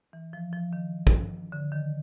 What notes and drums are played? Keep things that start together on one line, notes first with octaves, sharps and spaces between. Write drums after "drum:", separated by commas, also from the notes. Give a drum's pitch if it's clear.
E3
F3
F3
D#3
drum: kick
D3
D#3